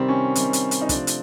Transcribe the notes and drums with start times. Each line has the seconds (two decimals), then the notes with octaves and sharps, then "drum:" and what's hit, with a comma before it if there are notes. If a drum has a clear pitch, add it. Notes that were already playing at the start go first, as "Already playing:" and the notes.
Already playing: C3 D#3 G3 C4
0.08 C#4
0.35 C3 D#3 G3, drum: hi-hat
0.53 drum: hi-hat
0.71 drum: hi-hat
0.81 D#4
0.89 C3 F3 A3 C4 D4, drum: kick, hi-hat
1.07 drum: hi-hat